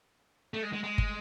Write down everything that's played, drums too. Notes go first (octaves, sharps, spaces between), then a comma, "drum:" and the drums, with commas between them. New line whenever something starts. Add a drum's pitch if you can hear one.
A3
G#3
G#3
G#3
drum: kick